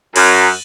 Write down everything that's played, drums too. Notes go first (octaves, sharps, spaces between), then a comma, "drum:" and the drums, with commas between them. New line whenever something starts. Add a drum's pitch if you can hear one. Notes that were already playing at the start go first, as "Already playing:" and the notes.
F#2, drum: cymbal